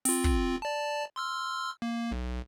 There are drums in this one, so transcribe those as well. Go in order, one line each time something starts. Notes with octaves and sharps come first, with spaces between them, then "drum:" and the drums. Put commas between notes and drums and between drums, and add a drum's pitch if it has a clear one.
C4 F4, drum: open hi-hat
drum: kick
D5 A5
C6 E6 F6
A#3
B1